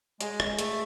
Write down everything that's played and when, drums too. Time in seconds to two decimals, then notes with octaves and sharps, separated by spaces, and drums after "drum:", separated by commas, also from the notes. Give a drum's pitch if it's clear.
0.21 G#3 G#4, drum: hi-hat
0.40 G#4, drum: rim click
0.59 A3 G#4, drum: hi-hat